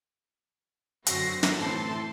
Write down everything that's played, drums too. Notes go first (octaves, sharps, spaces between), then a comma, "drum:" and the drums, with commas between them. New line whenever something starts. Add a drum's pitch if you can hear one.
F#2 D3 C4 F#4 A#6 C7, drum: hi-hat
drum: snare
A2 E3 C4 A4 A5 C6